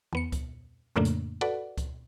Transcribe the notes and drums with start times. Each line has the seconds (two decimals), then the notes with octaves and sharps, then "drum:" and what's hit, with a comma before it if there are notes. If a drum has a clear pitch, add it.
0.13 E2 B3 C#7
0.32 drum: kick C#2, hi-hat
0.96 F2 A2 C#3 A3 A#3 D4
1.05 drum: hi-hat
1.41 F#4 A4 B4 D5 F#5
1.78 drum: kick C#2, hi-hat